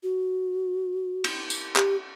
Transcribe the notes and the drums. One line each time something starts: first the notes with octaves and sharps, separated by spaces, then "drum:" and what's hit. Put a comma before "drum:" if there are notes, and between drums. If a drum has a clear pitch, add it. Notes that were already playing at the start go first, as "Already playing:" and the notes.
F#4
drum: cymbal
drum: tambourine
G4, drum: clap